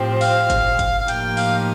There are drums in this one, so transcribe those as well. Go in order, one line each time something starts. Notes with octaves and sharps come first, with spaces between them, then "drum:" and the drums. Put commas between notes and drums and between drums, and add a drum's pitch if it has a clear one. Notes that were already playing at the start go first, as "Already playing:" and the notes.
Already playing: A2 F3 C4 G4
F5, drum: open hi-hat
drum: kick G1, hi-hat
drum: kick G1, hi-hat
F5
A2 F3 A#3 D#4 G4 G5, drum: hi-hat
F5, drum: open hi-hat